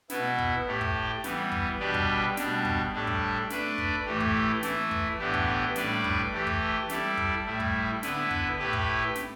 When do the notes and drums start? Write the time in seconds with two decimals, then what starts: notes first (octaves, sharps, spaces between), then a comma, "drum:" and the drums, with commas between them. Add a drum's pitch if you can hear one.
0.10 B2 B3 E4, drum: snare
0.38 drum: kick
0.66 A2 A3 G4
0.81 drum: kick
1.24 E3 G3 B3, drum: snare
1.52 drum: kick
1.79 B2 G3 D4 G4 B4
1.94 drum: kick
2.37 B2 G3 D4, drum: snare
2.65 drum: kick
2.93 A2 G3 D4 A4
3.07 drum: kick
3.50 A3 D4 B4 D5, drum: snare
3.78 drum: kick
4.06 A2 E3 A3 G4
4.20 drum: kick
4.63 E3 A3 E4, drum: snare
4.91 drum: kick
5.19 A2 E3 B3 D4 G4
5.34 drum: kick
5.76 A2 G3 D4 B4 D5, drum: snare
6.04 drum: kick
6.32 E3 A3 G4
6.47 drum: kick
6.89 G3 E4 A4 D5, drum: snare
7.17 drum: kick
7.46 A2 G3 E4
7.60 drum: kick
8.03 D3 B3 E4 B4, drum: snare
8.31 drum: kick
8.59 A2 A3 E4 G4 B4
8.73 drum: kick
9.15 drum: snare